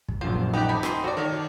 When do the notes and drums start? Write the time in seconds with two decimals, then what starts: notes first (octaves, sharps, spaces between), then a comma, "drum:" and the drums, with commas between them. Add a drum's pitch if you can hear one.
0.09 drum: kick
0.21 A#1 F#2 F4 C5
0.54 B3 D#4 G4 G5
0.69 A4 G#5 B5
0.83 C5 D#5, drum: rim click
1.04 F#4 A4 D5
1.17 D#3 A4 C#5 D5